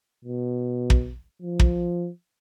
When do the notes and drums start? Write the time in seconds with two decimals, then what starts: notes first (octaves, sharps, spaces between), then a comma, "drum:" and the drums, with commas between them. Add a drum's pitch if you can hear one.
0.25 B2
0.90 drum: kick
1.42 F3
1.60 drum: kick